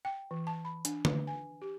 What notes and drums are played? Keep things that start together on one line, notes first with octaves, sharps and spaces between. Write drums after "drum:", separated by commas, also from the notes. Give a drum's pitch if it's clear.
G5
E3
A5
B5
D4, drum: hi-hat
B4, drum: tom D3
G#5
G4